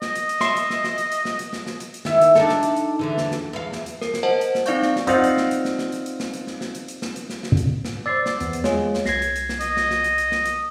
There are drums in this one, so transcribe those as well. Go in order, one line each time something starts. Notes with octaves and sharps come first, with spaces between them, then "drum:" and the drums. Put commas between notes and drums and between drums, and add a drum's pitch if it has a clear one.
D#5, drum: snare
drum: hi-hat
drum: hi-hat
E5 C6, drum: snare
drum: hi-hat
drum: snare
drum: snare
drum: hi-hat
drum: hi-hat
drum: snare
drum: hi-hat
drum: snare
drum: snare
drum: hi-hat
drum: hi-hat
D#3 E4, drum: snare
drum: hi-hat
D4 D#4 A4, drum: snare
drum: snare
drum: hi-hat
drum: hi-hat
E2 D3 E3
drum: snare
drum: snare
E2 F5
drum: snare
drum: hi-hat
A#4, drum: snare
drum: snare
C5 D#5 F#5 A5
drum: hi-hat
drum: snare
C4 D#4 D5 F5 C#6 G6, drum: hi-hat
drum: snare
drum: snare
C4 D#4 F4 D5 F5 F#5, drum: hi-hat
drum: hi-hat
drum: snare
drum: hi-hat
drum: snare
drum: snare
drum: hi-hat
drum: hi-hat
drum: snare
drum: hi-hat
drum: snare
drum: snare
drum: hi-hat
drum: hi-hat
drum: snare
drum: hi-hat
drum: snare
drum: snare
drum: hi-hat
drum: snare
C5 D5 E6 A6 C7
drum: snare
E2 B3, drum: hi-hat
drum: hi-hat
G#3 F4 G#4 C#5, drum: snare
drum: snare
C2 G#6 A#6 C7, drum: snare
drum: hi-hat
drum: hi-hat
drum: snare
D#5, drum: hi-hat
drum: snare
drum: snare
drum: hi-hat
drum: hi-hat
drum: snare
drum: hi-hat